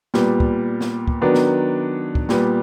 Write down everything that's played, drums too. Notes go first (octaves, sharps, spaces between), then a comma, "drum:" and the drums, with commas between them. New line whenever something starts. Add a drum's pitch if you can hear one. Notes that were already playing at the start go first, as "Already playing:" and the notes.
A#2 G3 B3, drum: snare
drum: kick
drum: snare
drum: kick
D#3 F#3 B3 D4
drum: snare
drum: kick
A#2 G3 B3, drum: snare